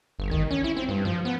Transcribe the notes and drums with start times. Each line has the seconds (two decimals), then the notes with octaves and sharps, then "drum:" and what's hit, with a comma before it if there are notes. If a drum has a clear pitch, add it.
0.19 G1
0.31 D#3, drum: kick A1
0.51 C#4
0.64 E4
0.76 C4
0.89 G2
1.05 F3
1.25 B3